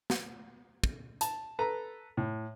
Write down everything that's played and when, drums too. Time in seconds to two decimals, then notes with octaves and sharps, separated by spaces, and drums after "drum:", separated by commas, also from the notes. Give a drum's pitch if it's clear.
0.10 drum: snare
0.84 drum: kick
1.21 A5, drum: hi-hat
1.59 A4 B4 A#5
2.17 A2